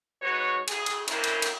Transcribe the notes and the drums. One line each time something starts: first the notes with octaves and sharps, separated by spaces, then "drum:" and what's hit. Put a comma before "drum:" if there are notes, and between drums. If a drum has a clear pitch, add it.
G#2 F#4 B4 C#5
G#4, drum: cymbal
drum: cymbal
A#3 C#4 D4 E4 A#4 C5, drum: cymbal
drum: cymbal
drum: cymbal